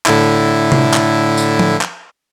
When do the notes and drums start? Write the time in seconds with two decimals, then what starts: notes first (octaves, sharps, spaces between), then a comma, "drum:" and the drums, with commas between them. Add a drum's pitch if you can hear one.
0.06 A2 D3 E4, drum: clap
0.72 drum: tom C3
0.94 drum: clap
1.37 drum: tambourine
1.59 drum: tom F3
1.81 drum: clap